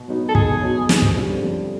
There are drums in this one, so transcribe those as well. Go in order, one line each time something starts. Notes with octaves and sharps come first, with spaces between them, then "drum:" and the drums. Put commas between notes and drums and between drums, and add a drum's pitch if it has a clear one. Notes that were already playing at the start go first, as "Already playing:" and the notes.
Already playing: B2
F#3 B3 D#4 F#4
A4
B2 G#4, drum: kick
F#3 B3 D#4 F#4
F2, drum: snare
drum: kick
D3 G3 C4 F4
F2